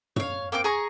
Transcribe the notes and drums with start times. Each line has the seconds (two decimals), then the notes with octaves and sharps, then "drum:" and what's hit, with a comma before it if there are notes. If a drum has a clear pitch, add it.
0.16 C#5 F5, drum: tom
0.52 A#3 C4 G5 D6
0.64 G#4 G#5 A#5 C#6